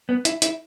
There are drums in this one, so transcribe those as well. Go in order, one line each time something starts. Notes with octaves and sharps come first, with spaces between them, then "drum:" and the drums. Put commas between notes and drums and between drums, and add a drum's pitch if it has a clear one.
B3
E4, drum: hi-hat
E4, drum: hi-hat